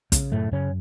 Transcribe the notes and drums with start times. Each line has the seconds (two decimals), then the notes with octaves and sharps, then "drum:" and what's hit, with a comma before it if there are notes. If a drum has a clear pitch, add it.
0.12 C#3, drum: kick, hi-hat
0.32 F#2 A2 A3
0.51 F#2 C#3 C#4